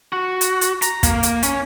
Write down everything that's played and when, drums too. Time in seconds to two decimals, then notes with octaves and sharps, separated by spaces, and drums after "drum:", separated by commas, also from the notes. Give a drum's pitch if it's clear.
0.13 F#4
0.41 drum: hi-hat
0.61 drum: hi-hat
0.82 A#5, drum: hi-hat
1.03 A#3, drum: kick, hi-hat
1.23 drum: hi-hat
1.43 C#4, drum: hi-hat